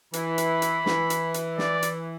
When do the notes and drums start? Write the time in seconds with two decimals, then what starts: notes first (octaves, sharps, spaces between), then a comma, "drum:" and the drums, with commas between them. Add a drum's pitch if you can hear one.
0.13 E3 B5, drum: hi-hat
0.38 drum: hi-hat
0.62 drum: hi-hat
0.86 E3, drum: snare
1.10 drum: hi-hat
1.34 drum: hi-hat
1.58 D5, drum: snare
1.83 drum: hi-hat